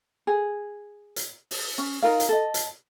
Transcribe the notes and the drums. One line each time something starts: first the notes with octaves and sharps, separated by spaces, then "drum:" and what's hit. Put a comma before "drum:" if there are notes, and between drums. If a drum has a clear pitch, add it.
G#4
drum: hi-hat
drum: open hi-hat
C#4
D#4 F4 A#4 F5
drum: hi-hat
A4 D#5
drum: hi-hat